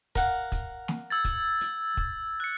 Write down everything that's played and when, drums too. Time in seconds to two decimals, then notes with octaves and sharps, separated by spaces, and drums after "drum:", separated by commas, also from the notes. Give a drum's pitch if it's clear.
0.16 A#4 F5 F#5, drum: kick, hi-hat
0.52 drum: kick, hi-hat
0.88 drum: snare
1.10 E6 G#6 A6
1.25 drum: kick, hi-hat
1.61 drum: hi-hat
1.97 drum: kick
2.40 F#6 C#7